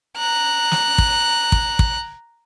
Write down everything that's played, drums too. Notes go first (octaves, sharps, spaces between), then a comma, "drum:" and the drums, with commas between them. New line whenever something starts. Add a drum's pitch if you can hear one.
A#5 F#6
drum: snare
drum: kick
drum: kick
drum: kick